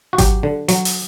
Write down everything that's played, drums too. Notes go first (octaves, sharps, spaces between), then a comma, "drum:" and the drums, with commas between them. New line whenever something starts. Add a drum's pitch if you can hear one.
F#4
F#3 G4, drum: kick G#1, hi-hat
D3
F#3, drum: hi-hat
drum: open hi-hat